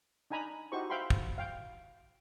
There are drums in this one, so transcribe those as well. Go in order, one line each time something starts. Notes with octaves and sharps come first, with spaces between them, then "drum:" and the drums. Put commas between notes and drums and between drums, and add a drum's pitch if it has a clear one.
D4 D#4 G#5 A#5 B5
D#4 E4 F#4 G4 C5 C#6
C5 E5 F5 G5 B5 C6
drum: kick
F5 G5